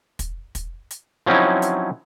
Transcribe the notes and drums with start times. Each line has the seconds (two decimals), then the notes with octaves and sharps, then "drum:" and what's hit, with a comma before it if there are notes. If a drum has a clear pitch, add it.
0.19 drum: kick, hi-hat
0.55 drum: kick, hi-hat
0.91 drum: hi-hat
1.26 F3 F#3 C4 C#4 D#4 E4
1.62 drum: hi-hat